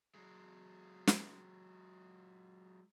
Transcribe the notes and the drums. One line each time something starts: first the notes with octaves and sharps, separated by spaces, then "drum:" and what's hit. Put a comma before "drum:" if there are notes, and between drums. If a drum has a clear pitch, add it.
F#3 G#3
drum: snare